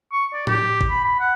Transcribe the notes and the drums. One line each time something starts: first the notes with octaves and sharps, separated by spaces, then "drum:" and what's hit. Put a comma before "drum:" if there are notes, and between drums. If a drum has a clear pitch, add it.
C#6
D5
G4, drum: tom A2
drum: kick
B5
B5
F#5